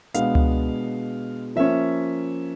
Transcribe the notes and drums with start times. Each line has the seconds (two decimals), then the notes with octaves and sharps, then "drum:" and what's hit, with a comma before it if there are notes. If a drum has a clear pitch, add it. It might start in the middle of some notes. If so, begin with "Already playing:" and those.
0.14 B2 G#3 B3 D4 F5, drum: hi-hat
0.35 drum: tom C#2
1.56 F3 A#3 C#4 E5